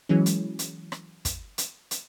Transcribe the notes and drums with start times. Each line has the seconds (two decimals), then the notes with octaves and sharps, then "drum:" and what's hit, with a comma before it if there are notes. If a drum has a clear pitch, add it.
0.09 E3 F#3 G#3 C#4
0.26 drum: hi-hat
0.59 drum: hi-hat
0.92 drum: rim click
1.25 drum: kick, hi-hat
1.58 drum: hi-hat
1.91 drum: hi-hat